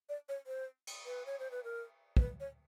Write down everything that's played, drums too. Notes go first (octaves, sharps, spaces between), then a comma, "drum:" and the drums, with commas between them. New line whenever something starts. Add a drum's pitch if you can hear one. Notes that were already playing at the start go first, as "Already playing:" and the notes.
D5
C#5
C5
drum: cymbal
B4
C#5
C5
B4
A#4
C5, drum: kick
B4
C#5